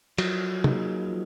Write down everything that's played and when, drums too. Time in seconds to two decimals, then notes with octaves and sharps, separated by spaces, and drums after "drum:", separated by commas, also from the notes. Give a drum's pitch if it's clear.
0.18 F3 F#3, drum: cymbal
0.64 A#3 D#4 G#4, drum: tom
1.09 F3